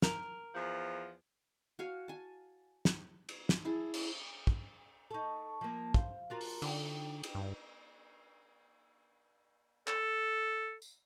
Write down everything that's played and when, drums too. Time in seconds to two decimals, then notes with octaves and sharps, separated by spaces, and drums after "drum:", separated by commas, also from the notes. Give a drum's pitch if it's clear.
0.02 A#4, drum: snare
0.55 E2 F3
1.79 F#4 C#5 F5 G#5
2.08 G#5 A5
2.85 drum: snare
3.29 drum: cymbal
3.49 drum: snare
3.65 E4 G#4 A5
3.94 drum: cymbal
4.47 drum: kick
5.11 D#4 A4 A5 C#6
5.61 F3 A#3 A5
5.94 C5 F5, drum: kick
6.30 D4 F4 F#4 A#4 A#5
6.41 drum: open hi-hat
6.62 D3 D#4 G5, drum: cymbal
7.23 drum: cymbal
7.35 G2
9.88 A4, drum: clap
10.82 drum: tambourine